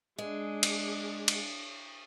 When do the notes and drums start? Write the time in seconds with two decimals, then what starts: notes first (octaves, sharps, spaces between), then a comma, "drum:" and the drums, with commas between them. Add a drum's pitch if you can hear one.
0.18 G#3 D4 G#4
0.63 drum: cymbal
1.28 drum: cymbal